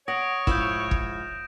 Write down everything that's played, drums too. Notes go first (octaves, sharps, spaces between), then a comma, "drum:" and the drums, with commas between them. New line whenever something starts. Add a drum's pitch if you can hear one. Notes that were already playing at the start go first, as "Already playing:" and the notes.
C#5 F#5 D#6 A#6 D7
G#2 F3 E4 G6 E7, drum: kick
drum: kick